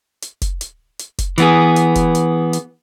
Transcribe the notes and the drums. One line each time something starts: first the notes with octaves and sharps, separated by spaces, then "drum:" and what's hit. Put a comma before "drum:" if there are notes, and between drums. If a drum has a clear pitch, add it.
drum: hi-hat
drum: kick F1, hi-hat
drum: hi-hat
drum: hi-hat
drum: kick F1, hi-hat
E3 B3 G#4, drum: hi-hat
drum: hi-hat
drum: kick F1, hi-hat
drum: hi-hat
drum: hi-hat